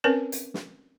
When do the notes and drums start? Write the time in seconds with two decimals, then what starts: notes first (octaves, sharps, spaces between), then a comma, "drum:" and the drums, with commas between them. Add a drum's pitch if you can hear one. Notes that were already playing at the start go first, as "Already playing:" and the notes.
0.04 C4 C#4 A#4 B4 C#5
0.32 drum: hi-hat
0.54 drum: snare